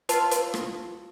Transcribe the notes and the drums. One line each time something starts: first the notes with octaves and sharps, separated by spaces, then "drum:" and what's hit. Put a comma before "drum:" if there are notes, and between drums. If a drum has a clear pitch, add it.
F4 A5, drum: hi-hat
drum: hi-hat
drum: rim click